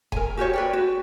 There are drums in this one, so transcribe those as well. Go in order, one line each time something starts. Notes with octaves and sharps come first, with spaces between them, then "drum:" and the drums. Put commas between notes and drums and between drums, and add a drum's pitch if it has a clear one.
A#4 G#5, drum: kick E1
F#4 G4 A#4 C#5
B4 D5 G5
F#4